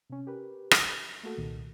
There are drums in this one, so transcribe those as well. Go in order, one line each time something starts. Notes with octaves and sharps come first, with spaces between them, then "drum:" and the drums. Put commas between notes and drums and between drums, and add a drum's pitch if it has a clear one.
C3 C#4
G4 A#4 B4
drum: rim click
A3 A#3 F#4 A4
C2 A#2 D#3